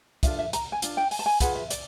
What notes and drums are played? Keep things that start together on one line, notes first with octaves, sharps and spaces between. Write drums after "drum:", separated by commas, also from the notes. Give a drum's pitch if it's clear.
D4 F4 A4 E5, drum: kick, hi-hat
E5
A#5, drum: hi-hat
G#5
D4 F4, drum: hi-hat
G5
G#5, drum: open hi-hat
A5
G#5
F4 G#4 B4 F#5, drum: kick, hi-hat
E5
D5, drum: hi-hat